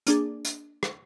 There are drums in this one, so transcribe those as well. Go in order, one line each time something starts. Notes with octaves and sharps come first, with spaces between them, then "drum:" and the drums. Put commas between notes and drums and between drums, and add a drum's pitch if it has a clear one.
A#3 D4 G#4, drum: hi-hat
drum: hi-hat
drum: rim click